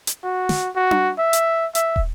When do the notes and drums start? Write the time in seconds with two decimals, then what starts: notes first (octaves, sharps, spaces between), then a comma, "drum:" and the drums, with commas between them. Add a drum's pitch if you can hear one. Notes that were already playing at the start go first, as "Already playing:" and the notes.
0.07 drum: hi-hat
0.23 F#4
0.49 drum: snare
0.76 F#4
0.91 drum: tom D4
1.19 E5
1.33 drum: hi-hat
1.75 E5, drum: hi-hat
1.96 drum: kick